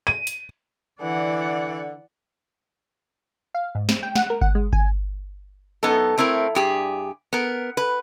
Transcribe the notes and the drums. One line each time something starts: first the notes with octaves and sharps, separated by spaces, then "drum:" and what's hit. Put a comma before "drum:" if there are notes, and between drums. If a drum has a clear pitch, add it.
D#7
drum: hi-hat
D3 E3 D5 F#5
F5
G#2
C4, drum: snare
G5
F#5, drum: snare
A#4
F#5, drum: kick G1
G#3
G#5, drum: kick G1
F#2 B3 D#4 A4
A3 C4 E4 A#4
G2 G4 G#4
B3 A#4
B4